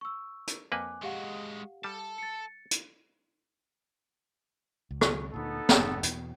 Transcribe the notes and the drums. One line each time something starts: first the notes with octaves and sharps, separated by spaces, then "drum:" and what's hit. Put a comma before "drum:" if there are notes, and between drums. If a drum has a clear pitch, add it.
C#6 E6
drum: hi-hat
F2 A#3 B4 G#5 D6 F#6
G#3 F#4 G4 F5 F#5
G3 A4 A5
A6 C#7
drum: hi-hat
C#2
drum: rim click
D2 A#2 B3 D#4 A4
F1 G#2, drum: snare
E2 B2, drum: hi-hat